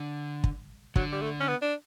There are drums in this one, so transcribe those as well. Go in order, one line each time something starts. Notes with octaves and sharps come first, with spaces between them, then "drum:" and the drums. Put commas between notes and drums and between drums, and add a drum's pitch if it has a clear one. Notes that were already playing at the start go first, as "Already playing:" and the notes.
Already playing: D3
drum: kick
D3 F#3, drum: kick
G3
A3
C#4
B3
D4